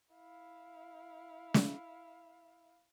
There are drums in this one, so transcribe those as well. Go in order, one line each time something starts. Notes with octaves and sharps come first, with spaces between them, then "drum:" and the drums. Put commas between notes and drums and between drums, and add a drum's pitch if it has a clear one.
E4 F5
drum: snare